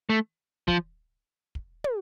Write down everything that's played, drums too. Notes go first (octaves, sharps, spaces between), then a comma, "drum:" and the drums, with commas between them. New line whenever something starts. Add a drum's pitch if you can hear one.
A3
F3, drum: kick
drum: kick
drum: tom